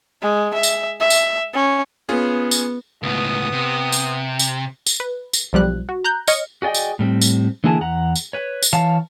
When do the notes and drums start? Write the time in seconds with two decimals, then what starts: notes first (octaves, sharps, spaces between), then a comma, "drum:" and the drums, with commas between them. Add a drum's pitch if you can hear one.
0.22 G#3
0.54 E5
0.63 drum: tambourine
1.01 E5
1.10 drum: tambourine
1.54 C#4
2.09 B3 C#4 F4 G#4
2.51 drum: tambourine
3.03 C#2 A2 B3 D#6
3.52 C3
3.92 drum: tambourine
4.39 drum: tambourine
4.86 drum: tambourine
5.00 B4
5.33 drum: tambourine
5.53 B1 F3 G3 F#6
5.89 F#4
6.04 A#5 F#6 G6
6.27 C#5 D#5 F6 C#7, drum: tambourine
6.62 F#4 G#4 D5 D#5 G5
6.74 drum: tambourine
6.99 A2 G3 C4
7.21 drum: tambourine
7.64 D3 E3 A#3 E4 G#4 A5
7.81 E2 F#5 A#5
8.15 drum: tambourine
8.33 B4 C#5
8.63 drum: tambourine
8.73 E3 C#5 F5 A5